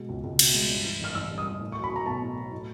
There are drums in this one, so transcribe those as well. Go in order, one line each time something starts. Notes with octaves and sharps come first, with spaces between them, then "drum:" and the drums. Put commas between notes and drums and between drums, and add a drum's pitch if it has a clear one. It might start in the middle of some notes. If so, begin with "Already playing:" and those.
Already playing: B2 G#3
C#2
C#2
B2, drum: cymbal
G#3
G2
E3
A1 F6
A1 E6
G2
D#6
E3
A2
C#6
F#3
B5
A3 A#5
B1 A5
A2
F#3
A2